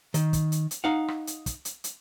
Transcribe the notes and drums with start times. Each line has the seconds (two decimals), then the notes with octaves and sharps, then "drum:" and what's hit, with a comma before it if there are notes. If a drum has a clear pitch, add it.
0.14 D#3, drum: hi-hat
0.33 drum: kick, hi-hat
0.52 drum: hi-hat
0.71 drum: hi-hat
0.84 D#4 F5 F#5
1.08 drum: rim click
1.27 drum: hi-hat
1.46 drum: kick, hi-hat
1.65 drum: hi-hat
1.84 drum: hi-hat